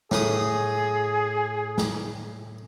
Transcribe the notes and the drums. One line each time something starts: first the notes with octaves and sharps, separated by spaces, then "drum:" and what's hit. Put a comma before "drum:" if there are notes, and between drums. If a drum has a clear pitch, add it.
A2 G#4 D#6, drum: snare
drum: snare